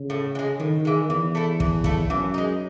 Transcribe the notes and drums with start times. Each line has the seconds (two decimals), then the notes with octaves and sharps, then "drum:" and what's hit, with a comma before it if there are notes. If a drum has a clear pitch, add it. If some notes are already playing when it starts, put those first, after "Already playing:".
Already playing: C#3
0.10 A2
0.35 E3
0.39 G#3
0.60 A2 D#3
0.85 E3 G#3
1.09 E2 E3
1.35 A3 E4
1.60 E3, drum: kick
1.84 A3 E4, drum: kick
2.10 F#2 E3
2.34 G#3 D#4